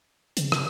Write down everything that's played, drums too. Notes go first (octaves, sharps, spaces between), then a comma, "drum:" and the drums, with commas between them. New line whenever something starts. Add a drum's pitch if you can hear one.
C#3, drum: hi-hat
drum: rim click